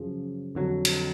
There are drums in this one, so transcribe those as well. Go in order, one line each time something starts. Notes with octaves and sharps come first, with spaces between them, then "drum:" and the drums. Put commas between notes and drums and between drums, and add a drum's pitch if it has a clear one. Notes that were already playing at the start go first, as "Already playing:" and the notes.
Already playing: F#2 C#3 F3
F2 D3 F#3
drum: cymbal